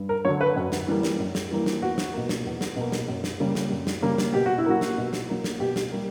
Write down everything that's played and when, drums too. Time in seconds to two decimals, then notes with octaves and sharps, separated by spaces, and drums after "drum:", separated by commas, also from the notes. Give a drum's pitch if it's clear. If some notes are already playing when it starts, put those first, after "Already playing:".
Already playing: G2
0.09 A#4
0.25 D3 F#3 C#5
0.41 B4
0.56 F#2
0.72 drum: snare
0.87 E3 G3 A#3
1.03 drum: snare
1.19 F#2
1.35 drum: snare
1.51 E3 G3 A#3
1.66 drum: snare
1.82 E2 F#4
1.98 drum: snare
2.13 B2 A#3
2.29 drum: snare
2.46 E2
2.61 drum: snare
2.76 B2 A#3
2.92 drum: snare
3.08 F#2
3.24 drum: snare
3.40 C#3 G3 A#3
3.55 drum: snare
3.71 F#2
3.87 drum: snare
4.02 C#3 G3 A#3
4.18 drum: snare
4.33 B2 G4
4.46 F#4
4.58 E4
4.66 F#3 A#3 F#4
4.81 drum: snare
4.97 B2
5.13 drum: snare
5.29 F#3 A#3
5.44 drum: snare
5.60 B2 G4
5.76 drum: snare
5.92 G3 A#3